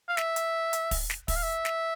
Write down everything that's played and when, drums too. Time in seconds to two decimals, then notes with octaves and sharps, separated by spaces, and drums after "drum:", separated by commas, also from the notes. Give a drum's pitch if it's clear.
0.08 F5
0.17 E5, drum: snare
0.36 drum: hi-hat
0.73 drum: hi-hat
0.91 drum: kick, open hi-hat
1.10 drum: snare
1.28 E5, drum: kick, open hi-hat
1.36 F5
1.43 E5
1.65 drum: snare